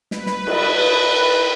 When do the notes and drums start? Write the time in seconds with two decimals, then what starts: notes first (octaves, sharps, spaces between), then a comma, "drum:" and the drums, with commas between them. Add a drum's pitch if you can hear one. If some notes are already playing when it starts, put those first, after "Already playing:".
0.11 B4, drum: snare
0.26 drum: snare
0.47 drum: cymbal